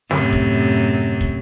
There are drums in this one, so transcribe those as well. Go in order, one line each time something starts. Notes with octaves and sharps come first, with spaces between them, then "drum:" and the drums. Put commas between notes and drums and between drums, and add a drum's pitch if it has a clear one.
F#2 A2 C3, drum: snare
drum: kick
drum: kick